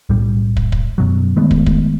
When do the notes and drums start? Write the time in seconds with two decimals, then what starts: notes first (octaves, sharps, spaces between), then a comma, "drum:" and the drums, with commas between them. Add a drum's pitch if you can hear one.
0.09 B1 A2 G3
0.57 drum: kick
0.72 drum: kick
0.98 F#2 B2 F#3
1.36 D#3 G#3 A3 B3
1.51 drum: kick
1.66 drum: kick